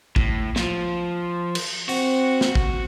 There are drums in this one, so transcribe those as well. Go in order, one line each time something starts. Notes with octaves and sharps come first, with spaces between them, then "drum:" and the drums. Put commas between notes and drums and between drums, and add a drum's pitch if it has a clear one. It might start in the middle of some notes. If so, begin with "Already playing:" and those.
A2, drum: kick A1
F3, drum: snare
drum: cymbal
C4 F#4, drum: open hi-hat
drum: snare
drum: kick A1